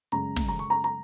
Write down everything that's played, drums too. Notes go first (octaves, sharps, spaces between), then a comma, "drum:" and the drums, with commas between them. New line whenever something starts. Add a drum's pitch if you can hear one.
F#2 C#3 G#3 A#5, drum: hi-hat
drum: snare
A#5
C#6, drum: open hi-hat
A#5
A#5, drum: hi-hat